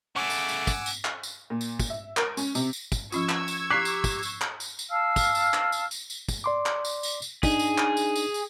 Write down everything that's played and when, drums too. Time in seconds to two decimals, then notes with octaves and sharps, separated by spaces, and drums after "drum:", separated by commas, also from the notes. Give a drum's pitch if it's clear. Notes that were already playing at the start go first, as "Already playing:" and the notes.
0.16 C#3 A3 F#5 G#5 D6 E6
0.30 drum: tambourine
0.49 drum: tambourine
0.67 drum: kick, tambourine
0.86 drum: tambourine
1.05 drum: clap
1.23 drum: tambourine
1.50 A#2
1.61 drum: tambourine
1.79 drum: kick, tambourine
1.90 E5
2.17 A#4, drum: clap
2.37 C#4, drum: tambourine
2.55 C3, drum: tambourine
2.73 drum: tambourine
2.92 drum: kick, tambourine
3.12 F3 C#4 F4 C#6 E6 G#6, drum: tambourine
3.29 drum: clap
3.48 drum: tambourine
3.71 G4 A#5 D6 F#6 B6 C7
3.85 drum: tambourine
4.04 drum: kick, tambourine
4.23 drum: tambourine
4.41 drum: clap
4.60 drum: tambourine
4.79 drum: tambourine
4.92 F5 A5 E6 F6
5.16 drum: kick, tambourine
5.35 drum: tambourine
5.54 drum: clap
5.72 drum: tambourine
5.91 drum: tambourine
6.10 drum: tambourine
6.28 drum: kick, tambourine
6.44 D5 C6 D6
6.66 drum: clap
6.85 drum: tambourine
7.03 drum: tambourine
7.22 drum: tambourine
7.43 D4 D#4 G#4, drum: kick, tambourine
7.59 drum: tambourine
7.78 drum: clap
7.97 drum: tambourine
8.16 drum: tambourine
8.34 drum: tambourine